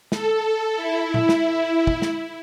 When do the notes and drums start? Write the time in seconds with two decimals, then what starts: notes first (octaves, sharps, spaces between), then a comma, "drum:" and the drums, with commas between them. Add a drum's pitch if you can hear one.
0.12 A4, drum: snare
0.77 E4
1.14 drum: tom A#2
1.29 drum: snare
1.87 drum: kick
2.02 drum: snare